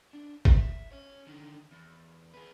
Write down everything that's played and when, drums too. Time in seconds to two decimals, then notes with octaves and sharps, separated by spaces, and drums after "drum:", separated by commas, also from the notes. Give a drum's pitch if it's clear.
0.13 D4
0.45 E5, drum: kick
0.92 C#4 C#5
1.27 D3 D#3
1.71 E2
2.34 G#4 B4